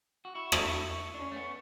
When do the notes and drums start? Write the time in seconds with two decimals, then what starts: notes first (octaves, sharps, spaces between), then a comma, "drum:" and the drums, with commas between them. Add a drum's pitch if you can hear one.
0.25 F#4
0.34 E4 C#6
0.52 drum: rim click
0.69 C#6
1.15 D4
1.20 C#4
1.32 A3
1.36 B3